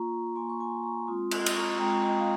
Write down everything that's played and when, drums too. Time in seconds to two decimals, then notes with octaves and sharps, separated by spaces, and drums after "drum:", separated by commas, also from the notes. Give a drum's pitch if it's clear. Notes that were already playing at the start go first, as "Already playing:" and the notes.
Already playing: A#3 F4 A#5 C#6
0.36 A#3 F4 G#5 C6
0.49 C#6
0.60 G#5 C6
0.83 A#5 C#6
1.07 G#3 C4 F4 C6 D#6
1.31 C6 D#6, drum: cymbal
1.46 D#6, drum: cymbal
1.55 A#5 C#6
1.79 G#3 C4 F4 G5 A#5
2.03 D#5 G5
2.20 F5